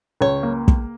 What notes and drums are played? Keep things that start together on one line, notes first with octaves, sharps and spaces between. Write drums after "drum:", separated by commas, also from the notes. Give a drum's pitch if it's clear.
C#2 C#5
A#3
drum: kick